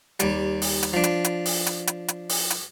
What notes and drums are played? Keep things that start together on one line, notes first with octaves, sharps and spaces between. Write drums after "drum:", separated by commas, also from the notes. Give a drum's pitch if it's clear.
D#2 G3, drum: hi-hat
drum: open hi-hat
drum: hi-hat
F3 D4
drum: hi-hat
drum: hi-hat
drum: open hi-hat
drum: hi-hat
drum: hi-hat
drum: hi-hat
drum: open hi-hat
drum: hi-hat